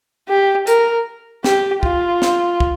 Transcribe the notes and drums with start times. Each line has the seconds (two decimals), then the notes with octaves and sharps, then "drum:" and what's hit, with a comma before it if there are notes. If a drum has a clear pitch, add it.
0.29 G4
0.67 A#4, drum: hi-hat
1.44 G4, drum: snare
1.83 F4, drum: kick
2.22 drum: snare
2.60 drum: kick